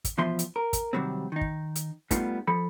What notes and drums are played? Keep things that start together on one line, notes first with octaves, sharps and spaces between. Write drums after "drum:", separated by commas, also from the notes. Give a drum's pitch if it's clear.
drum: kick, hi-hat
E2 B2 F3 E5 C6
drum: hi-hat
A#4
drum: kick, hi-hat
C3 D#3 F#3 G3 C4
D#3 D#4
drum: kick
drum: hi-hat
G3 A3 B3 D#4 F4, drum: kick, hi-hat
F3 A4 B5